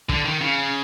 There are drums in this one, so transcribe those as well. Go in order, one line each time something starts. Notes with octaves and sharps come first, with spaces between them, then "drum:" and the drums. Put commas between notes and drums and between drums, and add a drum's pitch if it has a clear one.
D3, drum: kick
D#3
C#3